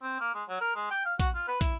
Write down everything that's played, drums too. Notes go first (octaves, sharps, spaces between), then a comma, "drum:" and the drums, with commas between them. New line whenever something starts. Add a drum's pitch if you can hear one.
C4
A#3
G#3
F#3
A#4
G#3
G5
F5
F#4, drum: kick, hi-hat
F4
B4
E4, drum: kick, hi-hat